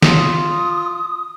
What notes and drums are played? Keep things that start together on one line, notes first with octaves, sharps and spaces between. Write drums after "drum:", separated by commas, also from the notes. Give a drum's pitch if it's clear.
F4 D#6, drum: snare